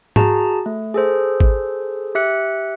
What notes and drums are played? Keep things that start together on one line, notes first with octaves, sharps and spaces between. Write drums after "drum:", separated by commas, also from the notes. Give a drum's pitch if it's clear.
F#4 G#4 A5 A#5, drum: tom G#2
A3
G#4 A4 C5
drum: kick G#1
G4 E5 F#6 C#7